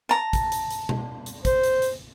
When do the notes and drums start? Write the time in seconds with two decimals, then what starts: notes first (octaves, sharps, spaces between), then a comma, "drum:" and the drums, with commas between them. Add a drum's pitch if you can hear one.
0.09 A5 A#5
0.33 drum: kick, hi-hat
0.52 drum: hi-hat
0.70 drum: hi-hat
0.89 drum: tom B2
1.26 drum: hi-hat
1.45 C5, drum: kick, hi-hat
1.63 drum: hi-hat
1.82 drum: hi-hat